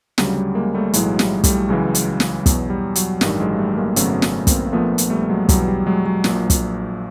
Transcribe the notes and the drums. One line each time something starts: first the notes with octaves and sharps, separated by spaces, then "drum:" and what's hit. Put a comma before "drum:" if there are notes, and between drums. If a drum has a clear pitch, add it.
D2 C#3 F#3 G3, drum: snare
G3
G#3 A#3
G3 A3
B1 A2 E3 F#3 G#3, drum: hi-hat
G3, drum: snare
G3 A3, drum: kick, hi-hat
C#2 C#3 E3 F#3 G#3
drum: hi-hat
drum: snare
E2 B2 F#3, drum: kick, hi-hat
G3
F#3, drum: hi-hat
A1 G2 D#3 G3, drum: snare
F#3 G#3
G3 A3
G#3 A#3
G#1 F#2 C#3 F#3 A3 B3, drum: hi-hat
drum: snare
A#3 C4, drum: kick, hi-hat
A#1 A#2 F3 A3 B3
drum: hi-hat
G3 A3
F#3 G#3
E2 B2 F#3 G3, drum: kick, hi-hat
G3
F#3 G#3
F#3
A#1 A#2 F3, drum: snare
drum: kick, hi-hat